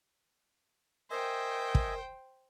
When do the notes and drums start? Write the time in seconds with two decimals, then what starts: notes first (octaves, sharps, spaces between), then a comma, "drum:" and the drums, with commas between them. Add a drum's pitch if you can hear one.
1.11 A#4 C5 D#5 E5 G5 G#5
1.75 drum: kick